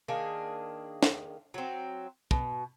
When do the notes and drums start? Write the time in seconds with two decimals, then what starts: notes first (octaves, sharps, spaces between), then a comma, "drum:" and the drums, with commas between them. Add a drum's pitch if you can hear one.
0.08 D#3 A#3 D4 G#4
1.03 drum: snare
1.54 F#3 C4
2.31 B2, drum: kick